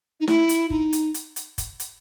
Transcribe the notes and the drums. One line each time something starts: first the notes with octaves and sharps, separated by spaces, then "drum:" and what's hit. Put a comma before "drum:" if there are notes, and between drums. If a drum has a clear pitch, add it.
D#4
E4, drum: snare
drum: hi-hat
D#4, drum: kick F#1
drum: hi-hat
drum: hi-hat
drum: hi-hat
drum: kick F#1, hi-hat
drum: hi-hat